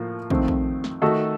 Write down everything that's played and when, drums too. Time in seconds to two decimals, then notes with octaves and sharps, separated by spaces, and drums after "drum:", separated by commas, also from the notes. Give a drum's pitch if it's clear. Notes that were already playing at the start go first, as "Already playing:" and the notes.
Already playing: A2 F3 A#3 A#4
0.30 F2 D#3 A3 C4, drum: kick
0.48 drum: kick
0.84 drum: snare
1.02 D#3 A3 D#4 F#4 A4